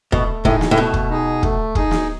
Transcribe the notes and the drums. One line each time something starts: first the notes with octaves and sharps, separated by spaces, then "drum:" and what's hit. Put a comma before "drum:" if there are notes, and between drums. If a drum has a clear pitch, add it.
B2 A3, drum: kick
A2 D#4 G#4, drum: kick
drum: snare
A2
B2 A3
drum: kick
D#4 G#4
A3, drum: kick
D#4 G#4, drum: kick
drum: snare